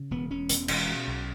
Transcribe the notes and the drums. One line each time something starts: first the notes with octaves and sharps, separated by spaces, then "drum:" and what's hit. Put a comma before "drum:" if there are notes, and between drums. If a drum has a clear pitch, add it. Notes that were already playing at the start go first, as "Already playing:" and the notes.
Already playing: C#3
E1 B3
E1 C#4
E1, drum: hi-hat
E1, drum: cymbal
B2
B1